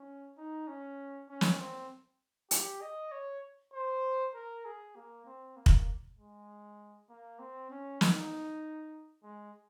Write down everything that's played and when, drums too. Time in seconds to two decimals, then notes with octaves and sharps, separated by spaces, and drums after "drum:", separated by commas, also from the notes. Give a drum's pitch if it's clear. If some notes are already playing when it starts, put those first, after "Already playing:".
Already playing: C#4
0.38 D#4
0.68 C#4
1.29 C#4
1.41 drum: snare
1.59 C4
2.51 G4, drum: hi-hat
2.82 D#5
3.12 C#5
3.74 C5
4.35 A#4
4.65 G#4
4.96 A#3
5.26 C4
5.57 A#3
5.66 drum: kick
6.18 G#3
7.09 A#3
7.39 C4
7.71 C#4
8.01 D#4, drum: snare
9.24 G#3